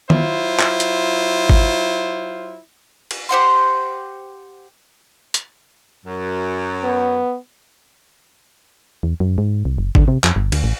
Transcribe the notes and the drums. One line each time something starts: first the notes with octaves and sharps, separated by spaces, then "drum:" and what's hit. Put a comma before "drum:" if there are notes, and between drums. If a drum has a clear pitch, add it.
F#3 E4 F4 C5, drum: tom D#3
drum: clap
drum: hi-hat
drum: kick
drum: cymbal
G4 C5 F#5 C6
drum: hi-hat
F#2
B3
E2
F#2
G#2
C2
F#1
D3, drum: kick
C3
F2, drum: clap
G1
D2, drum: cymbal
A1